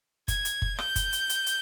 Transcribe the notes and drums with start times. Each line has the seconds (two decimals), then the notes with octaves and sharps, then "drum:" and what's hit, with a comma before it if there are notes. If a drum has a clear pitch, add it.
0.28 G#6, drum: kick F#1, hi-hat
0.45 drum: hi-hat
0.62 drum: kick F#1
0.79 G6, drum: rim click
0.96 drum: kick F#1, hi-hat
1.13 drum: hi-hat
1.30 drum: hi-hat
1.46 drum: hi-hat